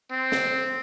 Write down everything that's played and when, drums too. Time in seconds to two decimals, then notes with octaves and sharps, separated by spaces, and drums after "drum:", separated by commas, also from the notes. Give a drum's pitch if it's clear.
0.11 C4
0.32 drum: snare